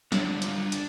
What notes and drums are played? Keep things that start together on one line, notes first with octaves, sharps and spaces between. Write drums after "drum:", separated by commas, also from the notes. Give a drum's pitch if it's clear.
D3 D4, drum: snare
G3
F4, drum: hi-hat
D3
D4, drum: hi-hat